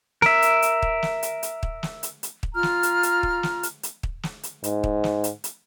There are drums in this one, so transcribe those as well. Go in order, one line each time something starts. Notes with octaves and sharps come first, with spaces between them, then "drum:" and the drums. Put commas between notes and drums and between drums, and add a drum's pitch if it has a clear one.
A#4 E5, drum: snare
drum: hi-hat
drum: hi-hat
drum: kick
drum: snare
drum: hi-hat
drum: hi-hat
drum: kick
drum: snare
drum: hi-hat
drum: hi-hat
drum: kick
F4 A#5 F6
drum: snare
drum: hi-hat
drum: hi-hat
drum: kick
drum: snare
drum: hi-hat
drum: hi-hat
drum: kick
drum: snare
drum: hi-hat
G#2, drum: hi-hat
drum: kick
drum: snare
drum: hi-hat
drum: hi-hat